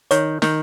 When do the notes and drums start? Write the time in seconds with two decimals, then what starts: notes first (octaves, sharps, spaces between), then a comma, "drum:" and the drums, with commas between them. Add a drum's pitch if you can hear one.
0.11 D#3 C#5, drum: hi-hat
0.42 D#3, drum: snare